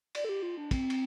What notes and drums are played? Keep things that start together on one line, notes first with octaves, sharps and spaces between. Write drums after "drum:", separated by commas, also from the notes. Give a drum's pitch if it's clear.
D5, drum: cymbal
A4
G4
F4
D4
C4, drum: kick, cymbal
drum: cymbal